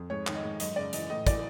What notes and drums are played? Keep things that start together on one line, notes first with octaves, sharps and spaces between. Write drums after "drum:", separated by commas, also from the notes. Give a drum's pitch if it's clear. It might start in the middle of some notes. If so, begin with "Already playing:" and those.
Already playing: F2
G#2 C#5
D#3, drum: clap
D#5
G#2
F#2 D#5, drum: hi-hat
C#3 D5
E3 D#5, drum: hi-hat
A2 D#5
E3 D5, drum: kick, hi-hat